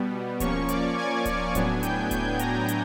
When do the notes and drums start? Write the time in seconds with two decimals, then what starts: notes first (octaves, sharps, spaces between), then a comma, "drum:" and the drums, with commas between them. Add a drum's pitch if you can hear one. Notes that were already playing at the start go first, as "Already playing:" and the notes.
Already playing: B2 G3 B3
0.40 F3 A#3 C#4 C#5 C#6, drum: kick D1, hi-hat
0.69 D5 D6, drum: hi-hat
0.97 G#5 G#6
1.25 G#5 G#6, drum: kick D1, hi-hat
1.55 A2 F#3 B3 D4, drum: kick D1, hi-hat
1.83 G5 G6, drum: hi-hat
2.11 G5 G6, drum: kick D1, hi-hat
2.39 A#5 A#6, drum: hi-hat
2.68 drum: hi-hat